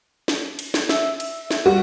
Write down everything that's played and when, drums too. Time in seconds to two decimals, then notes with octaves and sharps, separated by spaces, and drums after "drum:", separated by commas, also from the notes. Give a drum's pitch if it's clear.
0.28 drum: snare
0.59 drum: cymbal
0.74 drum: snare
0.89 E5, drum: snare
1.20 drum: cymbal
1.51 drum: snare
1.66 G3 F#4